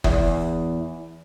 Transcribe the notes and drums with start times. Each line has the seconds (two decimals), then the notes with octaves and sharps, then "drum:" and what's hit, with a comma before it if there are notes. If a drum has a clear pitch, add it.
0.04 E2, drum: kick F#1